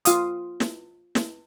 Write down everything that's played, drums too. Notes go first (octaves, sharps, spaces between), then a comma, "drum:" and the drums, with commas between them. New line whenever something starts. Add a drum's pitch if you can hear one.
F4 F5 D#6, drum: hi-hat
drum: snare
drum: snare